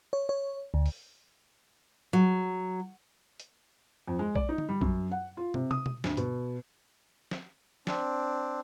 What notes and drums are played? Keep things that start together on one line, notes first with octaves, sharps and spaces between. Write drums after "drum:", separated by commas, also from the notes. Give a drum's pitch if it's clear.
C#5
C#5
D2
drum: open hi-hat
F#3
drum: hi-hat
F2
G#3
D5, drum: kick A#1
D#4
drum: tom D3
G3
F#2, drum: kick A#1
F#5
F4
C3, drum: tom
D#6, drum: tom
drum: tom
D2, drum: snare
B2, drum: hi-hat
drum: snare
C4 D4, drum: snare